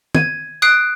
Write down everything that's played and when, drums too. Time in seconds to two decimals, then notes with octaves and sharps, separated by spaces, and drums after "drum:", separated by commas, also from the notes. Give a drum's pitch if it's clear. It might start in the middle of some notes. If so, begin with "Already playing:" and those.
0.15 G#6 D#7, drum: tom
0.62 D#6 F#6 C7 D7